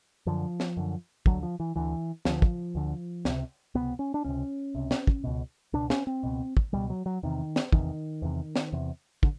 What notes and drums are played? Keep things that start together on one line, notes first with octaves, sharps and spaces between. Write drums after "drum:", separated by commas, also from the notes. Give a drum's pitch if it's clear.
F#2 D3 F3
drum: snare
F#2 D3
D2 D3 F#3, drum: kick
F3
E3
D2 D3 E3
D2 D3 F3, drum: snare
drum: kick
D2 D3
C#2 C3, drum: snare
C#2 C3 B3
C#4
D4
C#2 C3 C#4
C#2 C3
drum: snare
drum: kick
C#2 B2
C#2 B2 D4
C#4, drum: snare
C4
C#2 B2
drum: kick
C#2 B2 G3
F#3
F#3
E2 C3 D#3
drum: snare
E2 C3 D#3, drum: kick
E2 C3
drum: snare
E2 C3
D3, drum: kick